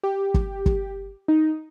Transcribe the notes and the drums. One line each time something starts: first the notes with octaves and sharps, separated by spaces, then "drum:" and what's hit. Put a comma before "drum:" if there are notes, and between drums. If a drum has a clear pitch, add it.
G4
drum: kick G1
drum: kick G1
D#4